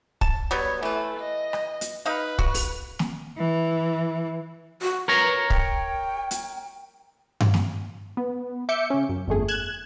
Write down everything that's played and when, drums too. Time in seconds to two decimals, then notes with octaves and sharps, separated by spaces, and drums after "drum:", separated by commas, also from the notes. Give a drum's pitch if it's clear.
0.21 A5, drum: kick
0.51 F#3 G3 B3 C#5
0.83 E3 A3 B4
1.20 D#5
1.53 drum: rim click
1.81 drum: hi-hat
2.06 D#4 B4 F5
2.39 F#4, drum: kick
2.54 drum: open hi-hat
2.99 drum: snare
3.37 E3
4.82 F#4
5.08 A#4 B4 C#5 A#5
5.50 G5, drum: kick
6.31 drum: hi-hat
7.40 drum: tom G2
7.54 drum: snare
8.17 B3
8.69 E5 D6 G6 C#7
8.90 C#3 C#4
9.09 F#2
9.28 G1 F2 A3 G#4
9.48 F#6 G#6 E7